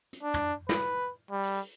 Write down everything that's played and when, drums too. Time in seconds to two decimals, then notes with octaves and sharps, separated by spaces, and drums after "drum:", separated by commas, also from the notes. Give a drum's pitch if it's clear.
0.13 drum: hi-hat
0.23 D4
0.34 drum: tom
0.69 B4, drum: snare
1.31 G3
1.43 drum: open hi-hat